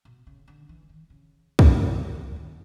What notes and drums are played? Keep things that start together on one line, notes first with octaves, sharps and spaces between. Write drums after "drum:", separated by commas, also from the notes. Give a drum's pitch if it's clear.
B2
C#3
D3
E3
D#3
C#3
drum: kick
B2
C3
E3
D#3